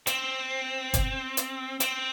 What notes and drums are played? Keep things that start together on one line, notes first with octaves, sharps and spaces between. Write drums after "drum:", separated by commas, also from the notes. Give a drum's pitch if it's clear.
C4, drum: hi-hat
drum: kick, hi-hat
drum: hi-hat
C4, drum: hi-hat